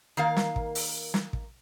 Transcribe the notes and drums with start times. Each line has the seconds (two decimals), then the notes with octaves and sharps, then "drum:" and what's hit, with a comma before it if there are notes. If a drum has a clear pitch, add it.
0.17 D#3 A#3 F5
0.36 drum: snare
0.56 drum: kick
0.75 drum: open hi-hat
1.14 drum: snare
1.33 drum: kick